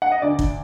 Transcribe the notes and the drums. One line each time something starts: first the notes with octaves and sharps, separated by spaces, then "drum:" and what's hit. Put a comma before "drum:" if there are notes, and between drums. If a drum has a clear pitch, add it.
F#5
D#5
D2 D5
drum: kick